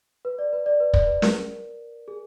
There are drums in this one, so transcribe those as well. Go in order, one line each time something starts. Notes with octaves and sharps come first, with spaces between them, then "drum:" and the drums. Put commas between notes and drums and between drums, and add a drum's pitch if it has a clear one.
B4
D5
B4
D5
B4
D5, drum: kick
B4
A#4, drum: snare
G#4